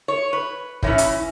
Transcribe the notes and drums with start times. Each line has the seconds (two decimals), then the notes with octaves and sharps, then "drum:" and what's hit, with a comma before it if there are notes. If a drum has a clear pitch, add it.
0.08 C#5
0.33 B4
0.83 A2 E3 C#4 E4 C#5, drum: kick
0.98 drum: hi-hat